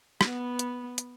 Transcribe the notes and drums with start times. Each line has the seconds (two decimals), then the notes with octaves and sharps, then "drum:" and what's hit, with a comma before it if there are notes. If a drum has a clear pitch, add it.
0.21 B3, drum: rim click
0.59 drum: hi-hat
0.98 drum: hi-hat